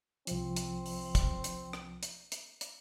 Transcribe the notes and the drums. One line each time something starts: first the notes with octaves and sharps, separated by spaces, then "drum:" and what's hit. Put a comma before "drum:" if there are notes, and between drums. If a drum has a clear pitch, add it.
C2 F3 C4, drum: hi-hat
drum: hi-hat
drum: open hi-hat
drum: kick, hi-hat
drum: hi-hat
drum: rim click
drum: hi-hat
drum: hi-hat
drum: hi-hat